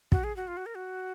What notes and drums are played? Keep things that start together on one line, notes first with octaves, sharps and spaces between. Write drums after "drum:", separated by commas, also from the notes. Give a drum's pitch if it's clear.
F#4, drum: kick
G#4
F#4
F4
F#4
A#4
F#4